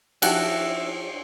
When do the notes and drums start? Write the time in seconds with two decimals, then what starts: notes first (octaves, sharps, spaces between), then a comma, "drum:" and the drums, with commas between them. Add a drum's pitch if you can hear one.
0.22 F3 D#4 E4 F#4 G4 F#5 G5 F#6, drum: cymbal